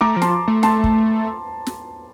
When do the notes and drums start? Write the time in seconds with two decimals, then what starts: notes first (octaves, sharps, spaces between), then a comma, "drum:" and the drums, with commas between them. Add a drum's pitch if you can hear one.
0.01 A3 A#5 D6
0.16 F3
0.22 A5 C6, drum: snare
0.48 A3
0.63 A5 C6, drum: snare
0.84 drum: kick
1.67 drum: snare